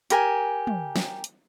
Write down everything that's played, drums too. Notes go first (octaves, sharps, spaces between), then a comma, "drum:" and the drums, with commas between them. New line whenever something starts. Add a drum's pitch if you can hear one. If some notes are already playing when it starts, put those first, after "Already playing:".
G4 A#4 G#5, drum: hi-hat
drum: tom
drum: snare
drum: hi-hat